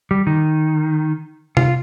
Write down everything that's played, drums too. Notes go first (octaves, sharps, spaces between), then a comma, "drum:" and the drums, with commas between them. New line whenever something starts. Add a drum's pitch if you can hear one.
G3
D#3
F4, drum: tom C3